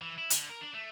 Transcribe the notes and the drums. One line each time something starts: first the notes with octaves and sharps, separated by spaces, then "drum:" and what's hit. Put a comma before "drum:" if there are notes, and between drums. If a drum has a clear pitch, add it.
E3
E4
D3, drum: hi-hat
A#4
D4
A3